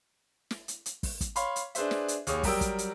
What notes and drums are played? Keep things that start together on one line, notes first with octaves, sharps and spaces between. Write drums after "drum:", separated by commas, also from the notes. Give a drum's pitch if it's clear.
drum: snare
drum: hi-hat
drum: hi-hat
drum: kick, open hi-hat
drum: kick, hi-hat
C#5 F5 B5 C6, drum: hi-hat
drum: hi-hat
D4 G#4 B4 C5 E5, drum: hi-hat
drum: snare
drum: hi-hat
D#2 G#4 C#5 D#6, drum: hi-hat
F#3 G3 A#4 G5 D#6 E6, drum: kick, open hi-hat
drum: kick, hi-hat
drum: hi-hat